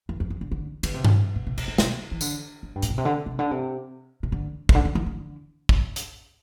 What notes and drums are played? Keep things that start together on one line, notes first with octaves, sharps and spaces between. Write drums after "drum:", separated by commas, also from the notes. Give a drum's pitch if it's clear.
E2
F2
F2
D3
D3
D3, drum: cymbal
C3
drum: tom G2
B2
C3
B2, drum: cymbal
A2
B2, drum: snare
E3
D3, drum: tambourine
D3
G2
A2, drum: hi-hat
B2
C3
D3
C3
D3
C3
C3
D3
C3, drum: kick
D3
D3
E3
D3
drum: kick
drum: hi-hat